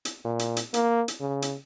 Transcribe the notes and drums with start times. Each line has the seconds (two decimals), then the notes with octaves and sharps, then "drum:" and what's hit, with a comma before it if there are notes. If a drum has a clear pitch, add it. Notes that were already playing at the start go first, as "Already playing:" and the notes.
0.05 drum: hi-hat
0.25 A#2
0.39 drum: hi-hat
0.57 drum: hi-hat
0.74 A#3, drum: hi-hat
1.08 drum: hi-hat
1.20 C#3
1.42 drum: hi-hat